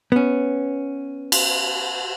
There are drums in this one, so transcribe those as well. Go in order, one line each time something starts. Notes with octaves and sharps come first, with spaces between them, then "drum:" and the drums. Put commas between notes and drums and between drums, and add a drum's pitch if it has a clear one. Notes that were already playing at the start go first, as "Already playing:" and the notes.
B3 C#4
drum: cymbal